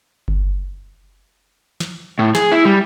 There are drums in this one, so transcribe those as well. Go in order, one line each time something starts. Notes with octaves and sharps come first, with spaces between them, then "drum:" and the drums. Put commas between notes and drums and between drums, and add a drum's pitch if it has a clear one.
drum: kick F#1
drum: snare
A2
G#4, drum: snare
E4
G3